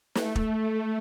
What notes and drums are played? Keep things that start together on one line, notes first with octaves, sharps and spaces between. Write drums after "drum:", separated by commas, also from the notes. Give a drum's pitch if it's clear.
A3, drum: snare
drum: kick